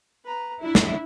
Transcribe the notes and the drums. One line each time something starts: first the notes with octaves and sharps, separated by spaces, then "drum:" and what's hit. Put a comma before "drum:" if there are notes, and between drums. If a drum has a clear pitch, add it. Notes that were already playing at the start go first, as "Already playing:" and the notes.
B4 A#5
D4 E4
drum: snare